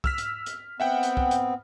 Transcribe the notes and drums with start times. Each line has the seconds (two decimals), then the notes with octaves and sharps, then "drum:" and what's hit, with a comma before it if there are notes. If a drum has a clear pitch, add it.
0.04 E6 F6 B6, drum: kick C2
0.18 drum: hi-hat
0.46 drum: hi-hat
0.80 B3 C4 E5 F#5 G5
1.03 drum: hi-hat
1.17 drum: kick C2
1.31 drum: hi-hat